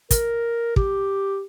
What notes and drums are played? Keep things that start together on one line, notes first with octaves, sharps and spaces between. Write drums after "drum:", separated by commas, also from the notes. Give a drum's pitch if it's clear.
A#4, drum: kick, hi-hat
G4, drum: kick